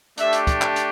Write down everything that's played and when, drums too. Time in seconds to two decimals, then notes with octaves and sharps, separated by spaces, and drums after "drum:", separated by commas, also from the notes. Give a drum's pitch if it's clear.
0.18 A3 D4 G4 E5, drum: hi-hat
0.33 drum: hi-hat
0.47 drum: kick, hi-hat
0.62 drum: clap
0.76 drum: hi-hat